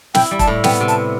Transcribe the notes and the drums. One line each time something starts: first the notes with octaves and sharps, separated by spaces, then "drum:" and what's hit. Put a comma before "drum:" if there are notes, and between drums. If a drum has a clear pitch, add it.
E4 G5, drum: snare
G3
A5, drum: kick, hi-hat
A2
B3 G5, drum: snare
C3
A5, drum: hi-hat